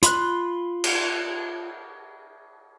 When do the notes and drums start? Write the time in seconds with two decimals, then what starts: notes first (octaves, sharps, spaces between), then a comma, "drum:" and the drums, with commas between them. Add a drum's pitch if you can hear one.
0.03 F4 B5 C6 F#6, drum: hi-hat
0.84 drum: cymbal